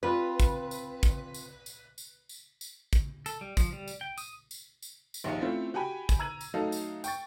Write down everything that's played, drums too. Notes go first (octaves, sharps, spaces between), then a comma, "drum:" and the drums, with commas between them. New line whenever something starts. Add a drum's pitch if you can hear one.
C4 F4 B4
drum: kick, tambourine
drum: tambourine
drum: kick, tambourine
drum: tambourine
drum: tambourine
drum: tambourine
drum: tambourine
drum: tambourine
drum: kick, tambourine
A4, drum: tambourine
G3
F3, drum: kick, tambourine
G3
drum: tambourine
G5
D#6, drum: tambourine
drum: tambourine
drum: tambourine
drum: tambourine
A#1 D#2 D#4 D#5 F5 C#7
A3 C4 C#4 E4 F4
F#4 G4 G5 G#5 B5
drum: kick, tambourine
A#5 E6 G#6 D#7 F#7
drum: tambourine
F#3 A3 D#4 A4 F5
drum: tambourine
G5 C#6 A6, drum: tambourine